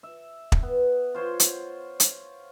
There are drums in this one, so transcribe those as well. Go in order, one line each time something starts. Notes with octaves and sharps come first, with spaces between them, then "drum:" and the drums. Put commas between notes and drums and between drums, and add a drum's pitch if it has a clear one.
E5
drum: kick
B3
F4 C5 C#5 C6
drum: hi-hat
drum: hi-hat